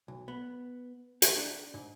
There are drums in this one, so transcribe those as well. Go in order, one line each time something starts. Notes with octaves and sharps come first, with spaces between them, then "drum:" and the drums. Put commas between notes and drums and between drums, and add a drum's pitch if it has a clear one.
B1
B3
G4, drum: hi-hat
D4
G#2